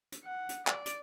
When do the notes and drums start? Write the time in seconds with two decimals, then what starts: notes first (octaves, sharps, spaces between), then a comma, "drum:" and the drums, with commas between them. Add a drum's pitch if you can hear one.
0.12 drum: hi-hat
0.24 F#5
0.49 drum: hi-hat
0.67 D5, drum: clap
0.86 drum: hi-hat